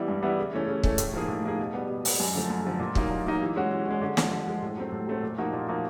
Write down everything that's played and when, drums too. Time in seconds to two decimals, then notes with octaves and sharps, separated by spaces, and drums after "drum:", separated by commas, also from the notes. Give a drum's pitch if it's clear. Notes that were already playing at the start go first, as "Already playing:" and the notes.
Already playing: E3 G3 B3 E4
0.08 G2
0.23 E3 G3 B3 E4
0.39 C#3
0.53 E3 A3 C#4
0.68 C#3
0.83 E3 A3 C#4, drum: kick
0.98 A2, drum: hi-hat
1.14 F3 A#3 D#4 G#4
1.28 A2
1.44 F3 A#3 D#4 G#4
1.58 B2
1.74 G3 B3
1.89 B2
2.05 G3 B3, drum: open hi-hat
2.20 F#2
2.35 D3 F3 A3
2.50 F#2
2.65 D3 F3 A3
2.80 A#2
2.95 F#3 A#3 D#4, drum: kick
3.10 A#2
3.26 F#3 A#3 D#4
3.41 E3
3.56 G#3 C#4 F#4
3.71 E3
3.86 G#3 C#4 F#4
4.02 D3
4.17 F3 G#3, drum: snare
4.31 D3
4.47 F3 G#3
4.62 A2
4.77 F#3 A3 C4
4.92 A2
5.07 F#3 A3 C4
5.23 A#2
5.38 F3 A#3 D#4 F#4
5.53 A#2
5.68 F3 A#3 D#4 F#4